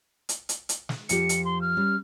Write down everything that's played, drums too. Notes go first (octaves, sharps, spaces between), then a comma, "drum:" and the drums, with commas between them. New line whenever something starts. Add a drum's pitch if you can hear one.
drum: hi-hat
drum: hi-hat
drum: hi-hat
drum: snare
F2 F3 G4 C#7, drum: hi-hat
drum: hi-hat
C6
F6
G3 C#4